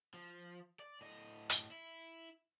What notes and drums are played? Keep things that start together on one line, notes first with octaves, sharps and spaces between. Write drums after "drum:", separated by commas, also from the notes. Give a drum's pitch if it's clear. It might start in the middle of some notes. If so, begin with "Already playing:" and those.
F3
D5
A2 D#5
drum: hi-hat
E4